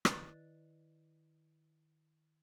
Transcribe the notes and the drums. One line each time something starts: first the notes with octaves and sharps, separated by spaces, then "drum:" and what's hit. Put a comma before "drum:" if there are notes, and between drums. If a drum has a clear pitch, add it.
D#3 E4 B4 D5 F#6 A6, drum: rim click